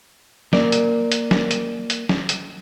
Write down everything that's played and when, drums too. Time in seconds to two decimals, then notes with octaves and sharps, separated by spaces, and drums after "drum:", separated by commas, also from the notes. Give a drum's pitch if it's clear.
0.53 A#3 A#4 D5, drum: snare
0.72 drum: hi-hat
1.12 drum: hi-hat
1.31 drum: snare
1.51 drum: hi-hat
1.90 drum: hi-hat
2.09 drum: snare
2.29 drum: hi-hat